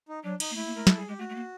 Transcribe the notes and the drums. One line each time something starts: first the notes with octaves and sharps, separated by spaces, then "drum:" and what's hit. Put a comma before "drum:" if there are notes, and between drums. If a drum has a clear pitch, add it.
D#4
F#3 D4
D#4, drum: cymbal
A#3
A3 E4
A#3
A3 A#4
G#3 A4, drum: snare
G3 G#4
G#3 G4
A3 F#4
A3
A#3